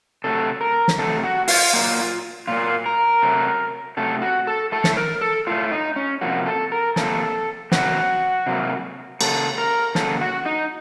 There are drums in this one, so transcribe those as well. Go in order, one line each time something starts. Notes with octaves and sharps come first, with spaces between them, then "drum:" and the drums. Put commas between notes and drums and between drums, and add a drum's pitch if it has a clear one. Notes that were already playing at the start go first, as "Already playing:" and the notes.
C3 F#3 A3 A4
A#4
drum: snare
C3 F#3 A3 A4
F#4
F4, drum: open hi-hat
A#2 F#3 A#3
A#2 F#3 A#3 F4
A#4
C3 F#3 A3
C3 F#3 A3 A4
F#4
A4
A2 A3 A4
drum: snare
A#4
A4
A2 A3 F4
D#4
C#4
C3 F3 A#3 F#4
A4
A#4
C3 F3 A#3 A4, drum: snare
C3 F#3 A#3 F#4, drum: snare
C3 F#3 A#3
C#3 F#3 A#3 A4, drum: cymbal
A#4
C#3 F#3 A#3 A4, drum: snare
F#4
D#4